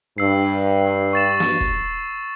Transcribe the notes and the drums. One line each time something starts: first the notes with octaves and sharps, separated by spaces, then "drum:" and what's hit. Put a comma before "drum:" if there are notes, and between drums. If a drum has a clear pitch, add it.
G2 E6 C7
C#6 A6 E7
drum: snare
drum: kick